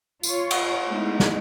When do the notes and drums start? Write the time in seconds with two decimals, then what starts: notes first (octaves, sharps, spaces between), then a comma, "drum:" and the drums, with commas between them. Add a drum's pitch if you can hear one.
0.23 F4 C#5, drum: tambourine
0.51 drum: cymbal
0.87 G#3 A3 B3 D#4 E4
1.20 drum: snare